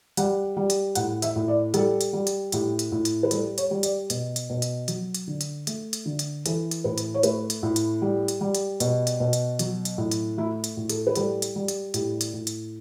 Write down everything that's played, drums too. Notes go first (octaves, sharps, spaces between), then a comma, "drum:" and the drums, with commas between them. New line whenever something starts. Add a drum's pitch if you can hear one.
G3 F#5, drum: hi-hat
G3
drum: hi-hat
A2 F#5, drum: hi-hat
E5, drum: hi-hat
A2
D5
G3 A4, drum: hi-hat
drum: hi-hat
G3
drum: hi-hat
A2 G4, drum: hi-hat
drum: hi-hat
A2
drum: hi-hat
B4
G3 A4, drum: hi-hat
C#5, drum: hi-hat
G3
D5, drum: hi-hat
B2, drum: hi-hat
drum: hi-hat
B2
drum: hi-hat
F#3, drum: hi-hat
drum: hi-hat
D3
drum: hi-hat
A3, drum: hi-hat
drum: hi-hat
D3
drum: hi-hat
E3 A4, drum: hi-hat
drum: hi-hat
A2 B4
drum: hi-hat
C#5
A3 B4, drum: hi-hat
drum: hi-hat
A2
drum: hi-hat
G3
drum: hi-hat
G3
drum: hi-hat
B2, drum: hi-hat
drum: hi-hat
B2
drum: hi-hat
F#3, drum: hi-hat
drum: hi-hat
A2
drum: hi-hat
A3 E4
drum: hi-hat
A2
A4, drum: hi-hat
B4
G3 A4, drum: hi-hat
drum: hi-hat
G3
drum: hi-hat
A2 G4, drum: hi-hat
drum: hi-hat
A2
drum: hi-hat